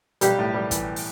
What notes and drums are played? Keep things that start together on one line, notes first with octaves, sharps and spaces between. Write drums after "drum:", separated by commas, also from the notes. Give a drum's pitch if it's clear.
B1 G3 G4, drum: hi-hat
A2
G3
E3, drum: kick, hi-hat
drum: open hi-hat